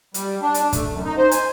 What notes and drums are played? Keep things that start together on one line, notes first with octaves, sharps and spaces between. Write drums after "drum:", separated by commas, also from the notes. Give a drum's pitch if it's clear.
G3, drum: hi-hat
D4
drum: hi-hat
A3, drum: kick, hi-hat
F#2
D#4
C5
G#5, drum: hi-hat